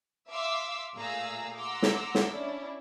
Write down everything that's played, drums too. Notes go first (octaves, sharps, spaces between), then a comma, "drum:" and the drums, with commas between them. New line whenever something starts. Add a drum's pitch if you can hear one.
E5 F5 C6 D6 E6
A#2 A3 G#4 F5 A#5 E6
F#5 A#5 C6 D6 E6
drum: snare
drum: snare
C#4 D4 E4